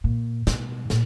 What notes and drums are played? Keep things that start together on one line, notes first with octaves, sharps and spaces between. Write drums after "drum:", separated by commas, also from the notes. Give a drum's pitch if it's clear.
A#2
B2, drum: snare
A#2, drum: snare